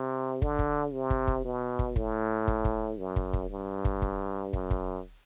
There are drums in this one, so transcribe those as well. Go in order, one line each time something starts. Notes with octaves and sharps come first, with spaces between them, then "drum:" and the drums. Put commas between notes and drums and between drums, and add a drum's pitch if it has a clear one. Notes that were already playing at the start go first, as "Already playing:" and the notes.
Already playing: C3
D3, drum: kick
drum: kick
C3
drum: kick
drum: kick
B2
drum: kick
A2, drum: kick
drum: kick
drum: kick
F#2
drum: kick
drum: kick
G2
drum: kick
drum: kick
F#2, drum: kick
drum: kick